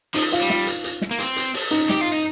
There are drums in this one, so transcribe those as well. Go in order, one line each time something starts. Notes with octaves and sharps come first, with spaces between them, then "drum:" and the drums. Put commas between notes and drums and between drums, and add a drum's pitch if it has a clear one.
F3 D#4, drum: open hi-hat
F4, drum: hi-hat
G3
F4, drum: snare
drum: hi-hat
drum: hi-hat
drum: snare
A#3
C4, drum: hi-hat
drum: hi-hat
drum: open hi-hat
D#4, drum: hi-hat
G4, drum: snare
F4
D#4